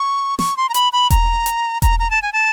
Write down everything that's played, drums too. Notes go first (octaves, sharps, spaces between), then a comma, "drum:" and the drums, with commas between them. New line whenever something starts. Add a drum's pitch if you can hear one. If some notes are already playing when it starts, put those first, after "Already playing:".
Already playing: C#6
C#6, drum: snare
C6
A#5
B5, drum: hi-hat
B5
A#5, drum: kick E1, hi-hat
drum: hi-hat
A#5, drum: kick E1, hi-hat
A#5
A5
G#5
A5